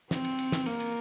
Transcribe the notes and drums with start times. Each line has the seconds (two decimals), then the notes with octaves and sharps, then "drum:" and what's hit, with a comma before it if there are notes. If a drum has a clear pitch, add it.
0.11 C4, drum: snare
0.25 drum: cymbal
0.39 drum: cymbal
0.52 drum: snare
0.66 A#3, drum: cymbal
0.80 drum: cymbal